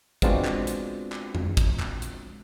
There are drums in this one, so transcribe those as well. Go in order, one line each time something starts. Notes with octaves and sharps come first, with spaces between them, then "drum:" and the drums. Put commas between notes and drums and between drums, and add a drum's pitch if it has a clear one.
G#3 B3 C4 D4 F4 F#4, drum: kick, hi-hat
drum: clap
drum: hi-hat
drum: clap
drum: tom F2
drum: kick, hi-hat
drum: clap
drum: hi-hat